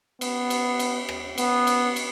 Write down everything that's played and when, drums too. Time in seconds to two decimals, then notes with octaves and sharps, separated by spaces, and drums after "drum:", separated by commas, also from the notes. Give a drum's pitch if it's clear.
0.21 B3, drum: cymbal
0.50 drum: cymbal
0.79 drum: cymbal
1.09 drum: rim click
1.38 B3, drum: cymbal
1.67 drum: cymbal
1.96 drum: cymbal